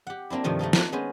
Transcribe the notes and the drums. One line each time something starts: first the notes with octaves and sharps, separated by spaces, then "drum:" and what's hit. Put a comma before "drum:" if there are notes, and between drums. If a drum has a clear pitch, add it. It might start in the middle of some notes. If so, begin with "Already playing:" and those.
G4 F#5
A#3 C4 D4 E4
G2 C3 D#3 F3 A3
A3 A#3 D#4 A4
A#3, drum: snare
G#3 B3 C#4 C5